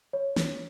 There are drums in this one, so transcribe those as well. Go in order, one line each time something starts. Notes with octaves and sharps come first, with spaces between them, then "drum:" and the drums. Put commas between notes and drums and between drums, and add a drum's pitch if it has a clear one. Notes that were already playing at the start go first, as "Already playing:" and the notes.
C#5
drum: snare